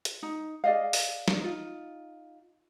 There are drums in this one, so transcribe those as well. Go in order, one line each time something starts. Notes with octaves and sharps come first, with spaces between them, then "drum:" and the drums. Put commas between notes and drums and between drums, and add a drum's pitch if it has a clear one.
drum: hi-hat
D#4
G#4 D5 D#5 F5
drum: open hi-hat
drum: snare
D#4 F4